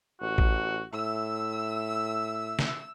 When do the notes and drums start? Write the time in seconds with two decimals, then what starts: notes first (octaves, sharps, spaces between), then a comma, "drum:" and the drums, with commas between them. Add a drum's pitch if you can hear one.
0.21 A1 F#4
0.38 drum: kick A1
0.94 A2 E5 E6
2.59 drum: snare